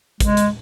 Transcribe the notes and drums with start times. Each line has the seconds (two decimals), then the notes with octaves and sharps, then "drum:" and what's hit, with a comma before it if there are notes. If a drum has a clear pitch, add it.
0.20 G#3, drum: kick, hi-hat
0.37 drum: hi-hat